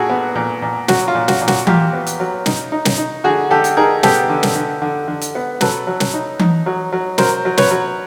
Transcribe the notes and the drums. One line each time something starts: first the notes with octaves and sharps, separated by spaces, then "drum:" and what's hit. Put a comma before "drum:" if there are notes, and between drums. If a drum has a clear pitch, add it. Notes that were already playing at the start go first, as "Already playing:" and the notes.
Already playing: A#2 F#4 G#4 A4
B3
A#2
A#2
F#3 F#4, drum: snare
F4
A#2
F#4, drum: snare
A#2
F#4, drum: snare
A#2 F4 G4, drum: tom E3
B3
drum: hi-hat
F#3
D#4, drum: snare
D#4
drum: snare
D#4
D3 F#4 G#4
D3 G4 A4
drum: hi-hat
D#4 G#4 A#4
B3 G4 A4, drum: snare
D3
drum: snare
D3
D3
D3
drum: hi-hat
B3
F#3 A4 B4, drum: snare
F#3
drum: snare
D#4
D#4, drum: tom E3
F#3
F#3
F#3 A#4 C5, drum: snare
F#3
B4 C#5, drum: snare
F#3